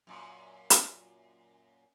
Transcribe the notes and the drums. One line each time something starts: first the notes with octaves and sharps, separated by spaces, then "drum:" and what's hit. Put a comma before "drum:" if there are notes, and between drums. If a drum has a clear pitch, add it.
F#2 A#2
drum: hi-hat